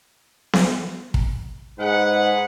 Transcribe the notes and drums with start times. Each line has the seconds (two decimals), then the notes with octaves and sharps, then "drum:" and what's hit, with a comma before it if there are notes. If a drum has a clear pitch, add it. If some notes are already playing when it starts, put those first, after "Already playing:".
0.53 drum: snare B3
1.14 drum: kick
1.79 G#2 G#4 B4 F#5